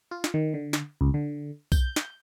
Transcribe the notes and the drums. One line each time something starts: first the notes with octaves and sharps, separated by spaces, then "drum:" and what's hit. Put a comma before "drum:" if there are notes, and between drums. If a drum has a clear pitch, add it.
F4
drum: snare
D#3
D3
drum: snare
C#2
D3
G6, drum: kick B1, tambourine
drum: snare